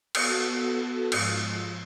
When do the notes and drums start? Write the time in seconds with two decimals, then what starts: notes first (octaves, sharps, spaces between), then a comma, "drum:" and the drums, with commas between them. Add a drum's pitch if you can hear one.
0.15 B3 F#4 A4, drum: cymbal
1.12 G#2 F3, drum: cymbal